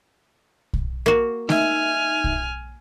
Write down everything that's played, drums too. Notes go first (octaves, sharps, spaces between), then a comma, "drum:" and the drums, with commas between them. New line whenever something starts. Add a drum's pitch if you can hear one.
drum: kick B1
A#3 F#4
D#4 E5 G#5 F6, drum: snare A3
drum: kick B1